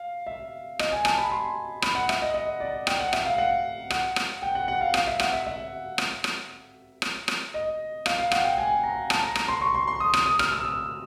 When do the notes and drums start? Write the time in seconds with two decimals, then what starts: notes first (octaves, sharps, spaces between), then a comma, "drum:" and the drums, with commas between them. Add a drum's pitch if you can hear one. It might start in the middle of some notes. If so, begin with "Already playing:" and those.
Already playing: F5
0.27 E5
0.79 D#5, drum: rim click
0.92 G#5
1.05 A5, drum: rim click
1.18 B5
1.31 C6
1.82 B5, drum: rim click
1.95 F#5
2.09 E5, drum: rim click
2.22 D#5
2.34 D#5
2.60 D5
2.87 G5, drum: rim click
3.00 F#5
3.13 E5, drum: rim click
3.25 F5
3.38 F#5
3.90 F#5, drum: rim click
4.16 drum: rim click
4.42 G5
4.55 F#5
4.68 F#5
4.81 F5
4.94 F5, drum: rim click
5.07 E5
5.20 F#5, drum: rim click
5.33 E5
5.47 E5
5.98 drum: rim click
6.24 drum: rim click
7.02 drum: rim click
7.28 drum: rim click
7.54 D#5
8.06 F5, drum: rim click
8.19 F5
8.31 F#5, drum: rim click
8.44 G5
8.58 G#5
8.83 A#5
9.10 A5, drum: rim click
9.23 A#5
9.35 drum: rim click
9.48 C6
9.61 C#6
9.75 C6
9.87 C6
10.00 D#6
10.14 D#6, drum: rim click
10.26 D#6
10.39 F6, drum: rim click
10.52 E6
10.65 E6